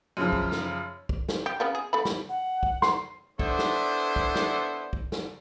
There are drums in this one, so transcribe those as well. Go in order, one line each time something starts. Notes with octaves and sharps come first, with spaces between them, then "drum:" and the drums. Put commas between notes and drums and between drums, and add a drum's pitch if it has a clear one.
F#2 C#3 F3
drum: kick
drum: snare
drum: kick
drum: snare
G4
C#3 B3 F4
G#4
A3 B3 B5
drum: snare
F#5
drum: kick
C6, drum: snare
B3 D4 E4 A4 C5, drum: kick
drum: snare
drum: kick
drum: snare
drum: kick
drum: snare